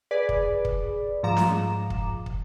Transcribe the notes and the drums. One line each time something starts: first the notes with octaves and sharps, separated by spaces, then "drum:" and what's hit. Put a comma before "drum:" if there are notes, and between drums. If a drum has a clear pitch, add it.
G#4 B4 D5
drum: kick
drum: kick
G#2 F3 A#5 D6 E7
drum: snare
drum: kick
drum: kick